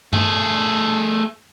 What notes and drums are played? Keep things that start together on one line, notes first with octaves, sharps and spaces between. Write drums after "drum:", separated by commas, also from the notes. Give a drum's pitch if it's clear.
A3 G#4, drum: tom G2